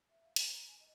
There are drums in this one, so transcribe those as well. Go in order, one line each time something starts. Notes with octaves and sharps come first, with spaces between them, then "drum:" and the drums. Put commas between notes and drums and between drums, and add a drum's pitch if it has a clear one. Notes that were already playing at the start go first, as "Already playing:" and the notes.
E5
F5
G#5, drum: hi-hat
A#5
G#5
D#5